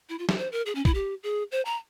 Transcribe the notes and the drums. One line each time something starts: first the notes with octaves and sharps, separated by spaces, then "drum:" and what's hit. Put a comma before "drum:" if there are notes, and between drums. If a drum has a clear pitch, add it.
E4
F4
G4, drum: snare
C5
A#4
G#4
C#4
E4, drum: kick A#1
G4
G#4
C5
A#5